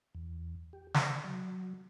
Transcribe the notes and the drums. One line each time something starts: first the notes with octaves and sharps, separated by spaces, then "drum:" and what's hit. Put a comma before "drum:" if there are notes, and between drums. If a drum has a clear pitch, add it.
E2
G4
D5, drum: snare
F#3